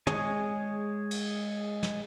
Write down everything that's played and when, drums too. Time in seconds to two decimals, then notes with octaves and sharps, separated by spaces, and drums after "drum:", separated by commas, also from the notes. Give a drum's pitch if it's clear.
0.07 G#3 G#4 C#5 G#5, drum: tom
1.11 drum: cymbal
1.83 drum: snare